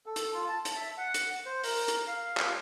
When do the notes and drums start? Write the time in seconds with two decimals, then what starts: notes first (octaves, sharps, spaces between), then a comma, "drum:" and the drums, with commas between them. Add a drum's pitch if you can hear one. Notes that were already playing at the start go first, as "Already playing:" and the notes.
0.06 A4
0.16 drum: hi-hat
0.33 F4
0.49 A5
0.65 drum: hi-hat
0.76 E5
0.98 F#5
1.14 drum: hi-hat
1.46 C5
1.64 A#4, drum: open hi-hat
1.88 drum: hi-hat
2.07 F5
2.37 drum: clap